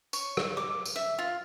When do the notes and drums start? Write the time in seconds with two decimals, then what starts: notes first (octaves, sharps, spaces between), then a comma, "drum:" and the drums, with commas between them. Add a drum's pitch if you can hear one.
0.13 C#5, drum: tambourine
0.37 drum: rim click
0.57 D6
0.85 drum: tambourine
0.96 E5
1.19 F4